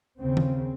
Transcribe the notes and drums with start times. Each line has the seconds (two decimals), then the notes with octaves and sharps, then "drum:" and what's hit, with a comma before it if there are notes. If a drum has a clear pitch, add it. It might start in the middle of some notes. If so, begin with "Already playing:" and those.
0.19 D#2 C#3 C4
0.37 drum: tom